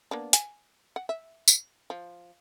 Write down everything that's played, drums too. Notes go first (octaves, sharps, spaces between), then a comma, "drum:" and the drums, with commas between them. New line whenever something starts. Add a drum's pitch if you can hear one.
A#3 B3 D4
G#5, drum: hi-hat
F#5
E5
drum: tambourine
F3